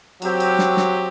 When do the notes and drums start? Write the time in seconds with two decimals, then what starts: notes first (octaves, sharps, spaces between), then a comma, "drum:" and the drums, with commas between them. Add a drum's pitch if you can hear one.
0.22 F#3 C4 G4, drum: cymbal
0.40 drum: cymbal
0.59 drum: snare
0.77 drum: snare